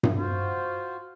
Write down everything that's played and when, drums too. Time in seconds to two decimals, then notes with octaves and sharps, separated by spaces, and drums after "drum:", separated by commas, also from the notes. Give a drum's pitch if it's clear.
0.03 drum: tom G2
0.18 F4 F#4 C5